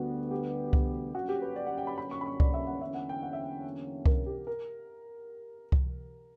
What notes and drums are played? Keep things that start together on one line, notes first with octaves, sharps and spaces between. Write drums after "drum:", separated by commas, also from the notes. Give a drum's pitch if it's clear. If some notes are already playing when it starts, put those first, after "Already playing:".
Already playing: D2 D3 G3 B3 F#4
G4
drum: kick C2
G1 F#2 D3 A#3 C#4 F#4
G4
B4
D5
F#5
G5
B5
B5
C#6
B5
C#6
D5, drum: kick C2
E5
F#5
E2 D3 F#3 A#3 C#4 E5
F#5
G5
F#5
E5
A#4, drum: kick C2
G4
A#4
drum: kick C2